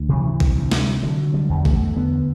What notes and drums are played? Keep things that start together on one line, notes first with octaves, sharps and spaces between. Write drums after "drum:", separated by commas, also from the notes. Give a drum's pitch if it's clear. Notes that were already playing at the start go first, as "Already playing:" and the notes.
Already playing: D2
C3 E3
drum: kick A#1
D2
drum: snare
D3 F#3
G3
E2
A3, drum: kick A#1
D3 B3